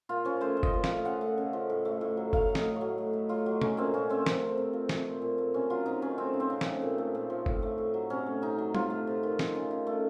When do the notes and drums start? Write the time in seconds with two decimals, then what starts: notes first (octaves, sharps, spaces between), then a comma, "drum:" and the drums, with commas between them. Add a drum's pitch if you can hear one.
0.09 A#2 F4
0.25 F3 C#4
0.41 A3 C5
0.57 A#2
0.63 D#5, drum: kick G1
0.73 A#2
0.84 F5, drum: snare
0.89 A3
1.05 C#3 F#5
1.21 A3
1.38 C#3
1.53 F3
1.70 A2
1.85 A3
2.01 A2
2.17 F#3
2.33 A2 F5, drum: kick G1
2.49 A3
2.55 D#5, drum: snare
2.66 A2
2.76 F#3 C#5
2.98 A2
3.13 A3
3.29 A2 F4
3.46 F#3
3.62 A3 C#4, drum: tom
3.77 A#2 C4
3.94 A#2 C#4
4.09 A3 C4
4.26 C3, drum: snare
4.42 A3
4.58 C3
4.73 F3
4.89 A3, drum: snare
5.06 A#2
5.22 A#2
5.38 A3
5.54 C3 C#4
5.70 F#3 F4
5.86 C3 D#4
6.02 D#3 C#4
6.18 A3 C4
6.34 C#3
6.40 C4
6.50 C#3
6.61 C4, drum: snare
6.66 A3
6.82 A#2
6.98 A3
7.15 A#2
7.30 F3
7.46 A2, drum: kick G1
7.63 A3
7.78 A2
7.94 F#3
8.10 C3 C#4
8.26 A3
8.42 C3 D#4
8.58 F#3
8.75 C3 F4, drum: tom
8.90 A3
9.07 C3
9.23 D#3
9.39 A3, drum: snare
9.55 C#3
9.71 C#3
9.87 A3